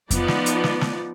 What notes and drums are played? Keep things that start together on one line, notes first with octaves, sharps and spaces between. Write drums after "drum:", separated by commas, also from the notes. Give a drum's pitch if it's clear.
F3 B3 D#4 D5, drum: kick F2, hi-hat
drum: snare
drum: hi-hat
drum: snare
drum: snare